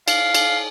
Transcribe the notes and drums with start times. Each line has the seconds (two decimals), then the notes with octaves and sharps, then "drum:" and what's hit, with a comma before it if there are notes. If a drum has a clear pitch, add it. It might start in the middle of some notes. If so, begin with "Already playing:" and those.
0.08 F5, drum: cymbal
0.34 drum: cymbal